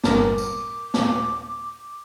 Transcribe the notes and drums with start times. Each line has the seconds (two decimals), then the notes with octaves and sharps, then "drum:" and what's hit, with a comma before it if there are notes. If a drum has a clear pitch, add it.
0.04 G1 G2 A#4 D6, drum: snare
0.38 drum: tambourine
0.94 drum: snare